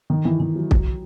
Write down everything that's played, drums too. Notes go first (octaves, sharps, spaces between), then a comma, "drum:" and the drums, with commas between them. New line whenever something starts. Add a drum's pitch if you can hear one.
D#3
E3
E3
F#3
F#3, drum: kick